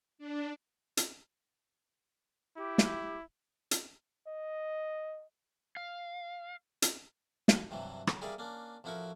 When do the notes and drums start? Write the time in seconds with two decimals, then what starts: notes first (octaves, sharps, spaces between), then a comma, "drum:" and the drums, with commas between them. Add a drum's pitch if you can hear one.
0.18 D4
0.97 drum: hi-hat
2.57 E4 G4
2.78 drum: snare
3.71 drum: hi-hat
4.27 D#5
5.77 F5
6.82 drum: hi-hat
7.48 drum: snare
7.71 G2 C3 E3 F#3
8.07 F#3, drum: rim click
8.21 G3 G#4 A#4 D5 E5 F5
8.39 A#3 C#4 D4
8.84 A1 F3 E4 F#4 A#4 C#6